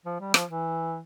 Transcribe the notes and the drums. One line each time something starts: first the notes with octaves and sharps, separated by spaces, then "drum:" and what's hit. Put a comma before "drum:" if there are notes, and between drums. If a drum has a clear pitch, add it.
F3
G3
F3, drum: rim click
E3